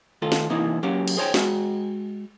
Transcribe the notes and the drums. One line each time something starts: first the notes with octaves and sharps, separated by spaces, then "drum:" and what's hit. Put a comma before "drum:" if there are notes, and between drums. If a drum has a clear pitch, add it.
D#3 A3 F4 A4
drum: snare
C3 E3 A#3 D#4 E4
F#3 A#3 C#4 G4
drum: cymbal
G#4 C5 C#5 G5
G#3 F#4, drum: snare